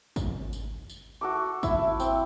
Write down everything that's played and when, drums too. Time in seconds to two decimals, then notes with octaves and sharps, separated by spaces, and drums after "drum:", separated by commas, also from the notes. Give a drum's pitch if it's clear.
0.16 drum: kick G#1, tambourine
0.53 drum: tambourine
0.90 drum: tambourine
1.21 F#4 A4 D6
1.63 E4, drum: kick G#1, tambourine
2.00 C4, drum: tambourine